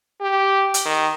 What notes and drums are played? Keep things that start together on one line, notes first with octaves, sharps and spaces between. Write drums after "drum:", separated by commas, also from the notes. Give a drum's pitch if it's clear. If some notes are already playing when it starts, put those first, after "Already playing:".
G4
drum: hi-hat
D#3